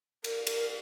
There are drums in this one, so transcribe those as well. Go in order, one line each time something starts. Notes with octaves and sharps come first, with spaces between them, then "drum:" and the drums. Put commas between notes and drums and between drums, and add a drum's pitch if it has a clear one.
A#4, drum: cymbal
A#4, drum: cymbal